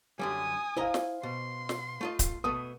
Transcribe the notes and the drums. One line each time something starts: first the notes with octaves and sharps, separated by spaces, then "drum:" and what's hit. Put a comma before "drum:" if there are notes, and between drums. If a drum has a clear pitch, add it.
F#2 D3 G3 G#5 D#6
E4 C5 D#5 F5 A#5
drum: snare
B2 C6
drum: snare
A3 F4 D#5
drum: kick D1, hi-hat
B2 A3 B3 D#6